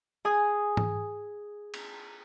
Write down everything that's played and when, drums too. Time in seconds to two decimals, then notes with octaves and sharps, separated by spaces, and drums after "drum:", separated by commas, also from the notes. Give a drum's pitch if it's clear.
0.25 G#4 G#5 D#6
0.77 drum: tom G#2
1.74 drum: cymbal